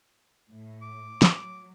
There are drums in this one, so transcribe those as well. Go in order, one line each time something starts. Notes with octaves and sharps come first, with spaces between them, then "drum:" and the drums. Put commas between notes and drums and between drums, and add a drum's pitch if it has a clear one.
A2
D6
drum: snare
F#3